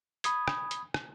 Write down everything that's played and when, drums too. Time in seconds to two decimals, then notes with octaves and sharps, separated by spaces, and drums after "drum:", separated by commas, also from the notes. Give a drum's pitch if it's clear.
0.24 B5 D#6 G#6, drum: hi-hat
0.48 drum: rim click
0.71 drum: hi-hat
0.94 drum: rim click